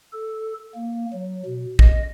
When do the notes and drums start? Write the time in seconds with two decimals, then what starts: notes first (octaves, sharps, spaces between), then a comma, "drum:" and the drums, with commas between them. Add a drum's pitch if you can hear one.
0.13 A4
0.74 A#3
1.13 F#3
1.45 B2
1.79 D#5, drum: kick